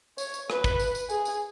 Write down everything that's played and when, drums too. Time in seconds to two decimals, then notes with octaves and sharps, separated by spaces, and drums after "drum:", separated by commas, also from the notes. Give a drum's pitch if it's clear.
0.18 C#5, drum: tambourine
0.34 drum: tambourine
0.50 B4, drum: rim click
0.64 drum: kick, tambourine
0.80 drum: tambourine
0.95 drum: tambourine
1.09 G#4, drum: tambourine
1.25 drum: tambourine